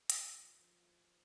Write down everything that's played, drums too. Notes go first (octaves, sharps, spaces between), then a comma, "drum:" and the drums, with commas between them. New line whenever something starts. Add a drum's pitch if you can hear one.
F3, drum: hi-hat
F3